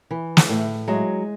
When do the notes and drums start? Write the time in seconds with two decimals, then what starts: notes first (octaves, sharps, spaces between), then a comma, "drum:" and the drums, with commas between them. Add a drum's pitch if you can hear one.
0.11 E3
0.37 drum: snare
0.49 A2
0.88 F#3 G#3